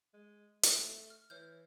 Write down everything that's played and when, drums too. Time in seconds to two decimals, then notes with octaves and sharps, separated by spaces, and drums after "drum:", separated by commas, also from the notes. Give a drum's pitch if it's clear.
0.14 G#3
0.63 A3, drum: hi-hat
1.10 F6
1.30 E3 C#5 F6 G6